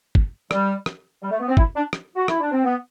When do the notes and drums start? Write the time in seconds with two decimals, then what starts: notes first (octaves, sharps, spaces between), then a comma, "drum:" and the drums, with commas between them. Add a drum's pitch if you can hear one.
0.15 drum: kick
0.51 G3, drum: rim click
0.86 drum: rim click
1.22 G3
1.31 A3
1.40 B3
1.48 C4
1.57 E4, drum: kick
1.76 D4
1.93 drum: rim click
2.16 F#4
2.28 E4, drum: rim click
2.40 D4
2.51 C4
2.64 B3